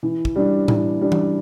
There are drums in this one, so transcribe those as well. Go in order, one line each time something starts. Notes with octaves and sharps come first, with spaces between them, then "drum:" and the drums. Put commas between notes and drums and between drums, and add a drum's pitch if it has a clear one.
E3
drum: kick
G3 D4
E3, drum: tom A2
G3 D4
drum: tom E3